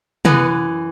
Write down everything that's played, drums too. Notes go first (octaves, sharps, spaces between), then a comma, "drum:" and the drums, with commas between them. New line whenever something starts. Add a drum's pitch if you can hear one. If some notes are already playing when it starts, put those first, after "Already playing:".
F#2 E3 B3, drum: tom C3